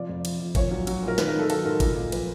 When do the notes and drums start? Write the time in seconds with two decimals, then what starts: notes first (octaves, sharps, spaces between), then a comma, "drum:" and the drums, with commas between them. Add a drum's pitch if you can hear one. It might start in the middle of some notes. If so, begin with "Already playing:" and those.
Already playing: C3 F3 D5
0.09 F2
0.25 F3, drum: cymbal
0.40 F3
0.55 A#2 C#5, drum: kick G#1, cymbal
0.71 F#3
0.87 F#3, drum: cymbal
1.03 A#2
1.08 A#4
1.18 D#3 B4, drum: snare
1.28 A#4
1.34 D#3
1.39 A4
1.50 F#3 A4, drum: cymbal
1.65 G#2 A#4
1.80 A#2, drum: kick G#1, cymbal
1.96 A#2
2.12 F3 B4, drum: cymbal